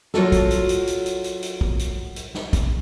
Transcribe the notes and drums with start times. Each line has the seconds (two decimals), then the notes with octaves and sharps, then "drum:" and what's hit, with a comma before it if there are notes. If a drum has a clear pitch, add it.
0.14 F#3 F4 F#4 A4, drum: snare
0.32 drum: kick, hi-hat
0.51 drum: hi-hat
0.69 drum: hi-hat
0.87 drum: hi-hat
1.06 drum: hi-hat
1.24 drum: hi-hat
1.43 drum: hi-hat
1.61 drum: kick
1.79 drum: hi-hat
2.16 drum: hi-hat
2.35 drum: snare
2.53 drum: kick, hi-hat